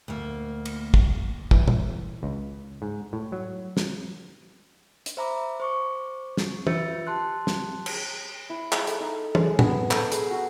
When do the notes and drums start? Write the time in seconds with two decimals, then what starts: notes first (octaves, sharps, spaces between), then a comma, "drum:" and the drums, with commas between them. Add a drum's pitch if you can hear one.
0.08 D2 A#2 A#3
0.65 drum: cymbal
0.94 drum: kick
1.51 E3, drum: kick
1.68 drum: tom
2.23 C#2
2.82 G#2
3.13 A2
3.32 F#3
3.77 drum: snare
5.06 drum: hi-hat
5.17 C5 E5 A#5 B5 D6
5.60 C5 C#6 D6
6.37 drum: snare
6.67 F4 B4 E5 E6 A6 C#7, drum: tom
7.07 G4 A5 C6 F#6
7.47 drum: snare
7.86 drum: cymbal
8.50 E4
8.72 G#4, drum: clap
8.87 A4, drum: hi-hat
9.00 D#4
9.35 G#3, drum: tom
9.59 B3, drum: tom A2
9.91 A4, drum: clap
10.12 G#4, drum: hi-hat
10.31 F#4